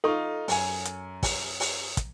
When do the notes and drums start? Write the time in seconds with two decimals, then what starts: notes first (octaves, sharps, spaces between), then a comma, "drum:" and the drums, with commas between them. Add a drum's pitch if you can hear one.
0.04 D#4 F4 A4 C#6
0.48 F#2 G#5, drum: open hi-hat
0.85 drum: hi-hat
1.23 drum: kick, open hi-hat
1.60 drum: open hi-hat
1.97 drum: kick, hi-hat